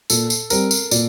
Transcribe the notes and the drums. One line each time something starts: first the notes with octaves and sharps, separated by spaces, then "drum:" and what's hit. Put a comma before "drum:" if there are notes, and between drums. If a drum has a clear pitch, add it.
A#2 A4, drum: tambourine
drum: tambourine
G3 C4 A#4, drum: tambourine
drum: tambourine
A#2 D5, drum: tambourine